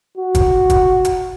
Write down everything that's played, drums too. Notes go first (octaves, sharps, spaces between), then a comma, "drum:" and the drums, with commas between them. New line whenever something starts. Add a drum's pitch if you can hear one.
F#4
drum: kick, hi-hat
drum: kick, hi-hat
drum: hi-hat